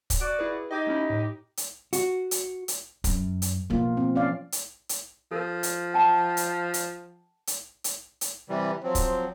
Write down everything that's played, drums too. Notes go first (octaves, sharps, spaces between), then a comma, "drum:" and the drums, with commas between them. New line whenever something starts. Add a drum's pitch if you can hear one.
drum: kick, hi-hat
F#4 D5 D7
E4 G#4 B4
D#4 G4 D#5 D6 G#6
A3 C#4 E4
A2
drum: hi-hat
F#4, drum: hi-hat
drum: hi-hat
drum: hi-hat
F#2, drum: kick, hi-hat
drum: hi-hat
B2 F3 A#3 F4
C4
C#4 D5 F5
drum: hi-hat
drum: hi-hat
F3 A4 A#4
drum: hi-hat
F#5 G5 A5
drum: hi-hat
drum: hi-hat
drum: hi-hat
drum: hi-hat
drum: hi-hat
C3 E3 G3
F3 F#3 C4 C5
drum: kick, hi-hat